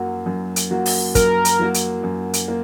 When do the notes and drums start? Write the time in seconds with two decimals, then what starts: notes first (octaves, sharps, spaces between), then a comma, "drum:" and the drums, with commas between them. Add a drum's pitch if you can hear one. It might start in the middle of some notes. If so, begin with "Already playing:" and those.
Already playing: F#2 F#3 A#3 F#4
0.26 F#2
0.56 drum: hi-hat
0.70 F#3 A#3 F#4
0.86 drum: open hi-hat
1.15 F#2 A#4, drum: kick, hi-hat
1.45 drum: hi-hat
1.59 F#3 A#3 F#4
1.74 drum: hi-hat
2.03 F#2
2.33 drum: hi-hat
2.48 A#3